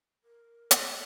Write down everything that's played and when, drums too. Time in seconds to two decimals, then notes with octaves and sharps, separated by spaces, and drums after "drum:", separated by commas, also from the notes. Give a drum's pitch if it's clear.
0.24 A#4
0.71 drum: hi-hat